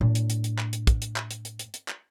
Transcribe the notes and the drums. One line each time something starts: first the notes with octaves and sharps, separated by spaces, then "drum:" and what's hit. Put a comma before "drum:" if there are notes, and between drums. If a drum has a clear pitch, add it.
A2 D4
drum: hi-hat
drum: hi-hat
drum: hi-hat
drum: clap
drum: hi-hat
drum: kick, hi-hat
drum: hi-hat
drum: clap
drum: hi-hat
drum: hi-hat
drum: hi-hat
drum: hi-hat
drum: clap